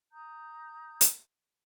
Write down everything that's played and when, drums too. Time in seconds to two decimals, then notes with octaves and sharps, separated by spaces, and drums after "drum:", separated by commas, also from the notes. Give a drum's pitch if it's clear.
0.12 A#5 D#6 G6
1.01 drum: hi-hat